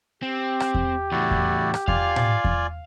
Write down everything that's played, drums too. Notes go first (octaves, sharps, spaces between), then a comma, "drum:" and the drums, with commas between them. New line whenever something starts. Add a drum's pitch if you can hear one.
C4 G4
drum: rim click
drum: kick E2
E2 A2 E4 F#4 D5
drum: kick E2
drum: rim click
F4 D5 F5 G#5, drum: kick E2
drum: tom A2
drum: kick E2